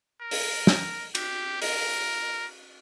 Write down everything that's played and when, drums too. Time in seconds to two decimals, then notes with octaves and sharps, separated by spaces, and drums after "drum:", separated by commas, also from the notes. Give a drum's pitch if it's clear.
0.22 A#4
0.31 drum: open hi-hat
0.67 drum: snare
1.15 G4, drum: cymbal
1.62 A#4, drum: open hi-hat